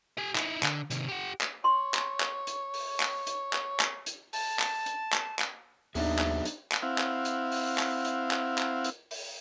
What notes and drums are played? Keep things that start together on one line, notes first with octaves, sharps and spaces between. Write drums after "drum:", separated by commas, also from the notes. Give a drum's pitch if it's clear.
G4 G#5
D#4 E4, drum: clap
D3, drum: clap
C3 D#3, drum: hi-hat
G4 F#5
drum: clap
C#5 C6
drum: clap
drum: clap
drum: hi-hat
drum: open hi-hat
drum: clap
drum: hi-hat
drum: clap
drum: clap
drum: hi-hat
A5, drum: open hi-hat
drum: clap
drum: hi-hat
drum: clap
drum: clap
D#2 F#3 B3 D4 D#4 G#4 E5, drum: open hi-hat
drum: clap
drum: hi-hat
drum: clap
C4 E4 F5 F#5
drum: clap
drum: hi-hat
drum: open hi-hat
drum: clap
drum: hi-hat
drum: clap
drum: clap
drum: hi-hat
drum: open hi-hat